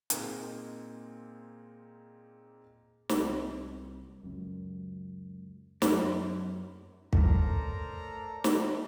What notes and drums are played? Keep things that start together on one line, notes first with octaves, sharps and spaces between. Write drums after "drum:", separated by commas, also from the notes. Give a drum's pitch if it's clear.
A#2 G#3 A#3 C4 D#4, drum: hi-hat
C2 C3, drum: snare
C#2 F#2
F#2, drum: snare
A2 A4 A#4 C5 D5 A#5, drum: kick
drum: snare